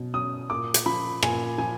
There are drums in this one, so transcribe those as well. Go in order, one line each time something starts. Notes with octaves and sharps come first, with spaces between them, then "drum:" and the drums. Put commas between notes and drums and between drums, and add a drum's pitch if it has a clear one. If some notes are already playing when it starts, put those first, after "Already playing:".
Already playing: B2 F#3
F#3 D#6
A#2 D6
drum: hi-hat
F3 B5
A#2 G#5, drum: rim click
F3 G#5